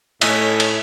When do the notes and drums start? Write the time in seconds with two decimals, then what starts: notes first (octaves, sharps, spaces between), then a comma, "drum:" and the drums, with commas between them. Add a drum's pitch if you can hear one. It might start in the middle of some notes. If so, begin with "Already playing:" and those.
0.21 A2 A3 C#4 D#4 E5, drum: cymbal
0.60 drum: cymbal